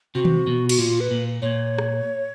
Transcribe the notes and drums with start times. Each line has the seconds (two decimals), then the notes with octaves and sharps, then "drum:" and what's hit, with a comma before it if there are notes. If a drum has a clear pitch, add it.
0.15 C3 F#4
0.25 drum: tom D#3
0.47 B2
0.69 F#4, drum: cymbal
0.79 A#2 F4
1.00 B4
1.11 A#2
1.42 A#2 C#5
1.78 drum: rim click